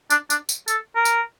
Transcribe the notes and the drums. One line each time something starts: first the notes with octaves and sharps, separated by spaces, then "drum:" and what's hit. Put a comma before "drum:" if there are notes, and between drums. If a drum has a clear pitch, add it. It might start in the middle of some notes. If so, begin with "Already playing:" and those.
D4, drum: tambourine
D4, drum: tambourine
drum: tambourine
A4, drum: tambourine
A#4
drum: tambourine